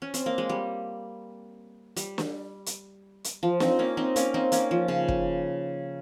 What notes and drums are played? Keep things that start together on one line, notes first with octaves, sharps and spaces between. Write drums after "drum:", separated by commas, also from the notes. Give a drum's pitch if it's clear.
C#4
C4, drum: hi-hat
A#3
G#3
G3
G3, drum: hi-hat
drum: snare
drum: hi-hat
drum: hi-hat
F3
C4 D#4, drum: snare
A#3 C#4
C4 D#4
A#3 C#4, drum: hi-hat
C4 D#4
A#3 C#4, drum: hi-hat
F3
C#3
drum: kick